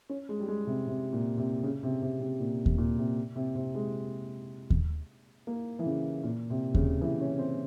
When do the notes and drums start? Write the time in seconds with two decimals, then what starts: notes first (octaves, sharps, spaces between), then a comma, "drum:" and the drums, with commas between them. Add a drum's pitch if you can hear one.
0.09 C#4
0.29 G#3
0.40 G3
0.48 G#3
0.67 C3
0.87 C3
1.13 A#2
1.37 C3
1.63 C#3
1.83 C3
2.02 C3
2.21 C3
2.40 A#2
2.66 drum: kick D#2
2.78 A#2
2.98 C3
3.36 C3
3.55 C3
3.75 G#3
4.70 drum: kick D#2
5.47 A#3
5.79 E3
5.85 C#3
6.23 A#2
6.50 C3
6.74 C#3, drum: kick D#2
7.01 E3
7.20 C#4
7.38 C4